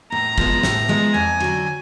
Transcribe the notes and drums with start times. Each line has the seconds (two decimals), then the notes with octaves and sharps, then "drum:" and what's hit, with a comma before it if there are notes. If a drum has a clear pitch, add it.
0.12 A2 A#5
0.38 F3 G#3 B3, drum: kick
0.63 A2, drum: snare
0.88 F3 G#3 B3
1.14 F2 G#5
1.40 D3 F#3